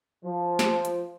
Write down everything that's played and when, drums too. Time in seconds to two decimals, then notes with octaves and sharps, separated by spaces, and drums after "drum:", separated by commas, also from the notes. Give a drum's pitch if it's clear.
0.24 F3
0.59 drum: snare
0.85 drum: hi-hat